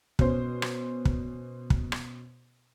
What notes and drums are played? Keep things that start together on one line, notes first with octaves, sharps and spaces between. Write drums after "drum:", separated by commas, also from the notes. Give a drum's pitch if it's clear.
B2 C#4 C5, drum: kick
drum: rim click
drum: kick
drum: kick
drum: rim click